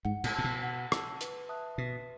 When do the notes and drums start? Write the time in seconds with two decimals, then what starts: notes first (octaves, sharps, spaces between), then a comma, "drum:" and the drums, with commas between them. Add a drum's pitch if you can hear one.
0.05 G#2 F#5
0.24 A2, drum: cymbal
0.34 A2 A5 E6
0.44 B2
0.63 F#5
0.92 A5 E6, drum: rim click
1.21 B4, drum: hi-hat
1.49 E5 A5 D#6 F#6
1.78 B2 B4